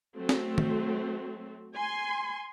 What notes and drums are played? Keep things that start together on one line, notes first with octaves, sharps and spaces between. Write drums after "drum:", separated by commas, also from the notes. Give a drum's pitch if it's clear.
F#3 A3 C4
drum: snare
drum: tom D#3
G#5 C6